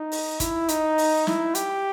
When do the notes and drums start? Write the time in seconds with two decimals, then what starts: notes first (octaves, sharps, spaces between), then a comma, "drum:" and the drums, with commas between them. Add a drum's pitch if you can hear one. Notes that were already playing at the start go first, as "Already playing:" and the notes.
Already playing: D#4
0.12 drum: open hi-hat
0.40 E4, drum: kick, hi-hat
0.69 D#4, drum: hi-hat
0.98 drum: open hi-hat
1.27 E4, drum: snare
1.55 G4, drum: hi-hat